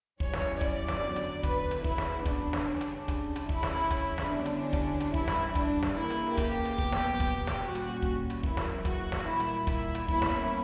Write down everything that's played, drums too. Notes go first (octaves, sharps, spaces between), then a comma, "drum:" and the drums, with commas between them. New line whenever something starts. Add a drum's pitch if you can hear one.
F#2 E3 G3 C#4 C#5, drum: kick
drum: snare
D5, drum: kick, hi-hat
drum: snare
E2 D3 F#3
drum: hi-hat
B4, drum: kick, hi-hat
drum: hi-hat
C#3 F#3 B3 E4, drum: kick
drum: snare
D4, drum: kick, hi-hat
drum: snare
C#3 G3 C#4
drum: hi-hat
drum: kick, hi-hat
drum: hi-hat
C#3 F#3 C#4 E4, drum: kick
drum: snare
drum: kick, hi-hat
drum: snare
E2 D3 G3 C#4 D4
drum: hi-hat
drum: kick, hi-hat
drum: hi-hat
G2 E3 G3 E4, drum: kick
drum: snare
D4, drum: kick, hi-hat
drum: snare
C#3 E3 A#3 E4
drum: hi-hat
G4, drum: kick, hi-hat
drum: hi-hat
A#2 F#3 B3, drum: kick
drum: snare
drum: kick, hi-hat
drum: snare
A#2 G3 C#4 F#4
drum: hi-hat
drum: kick
drum: hi-hat
F#2 C#3 E3 A#3 E4, drum: kick
drum: snare
F#4, drum: kick, hi-hat
drum: snare
A#2 G3 A#3 E4
drum: hi-hat
E4, drum: kick, hi-hat
drum: hi-hat
B2 G3 A#3 C#4 E4, drum: kick
drum: snare